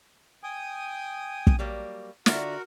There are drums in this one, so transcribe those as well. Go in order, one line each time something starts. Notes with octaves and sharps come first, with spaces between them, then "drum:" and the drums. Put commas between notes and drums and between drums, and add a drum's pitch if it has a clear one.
G5 G#5 D#6
drum: kick
F#3 G3 A#3
D3 F4 F#4 A#4 E5, drum: snare